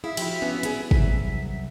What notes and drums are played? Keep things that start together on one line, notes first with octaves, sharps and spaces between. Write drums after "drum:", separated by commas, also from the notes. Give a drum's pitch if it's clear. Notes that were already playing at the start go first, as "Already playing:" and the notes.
E4 G#4 E5 F5
F3 E4 F#4 G4, drum: cymbal
B3 C#4 D4
B3 G#4 D5, drum: hi-hat
C2 F#3, drum: kick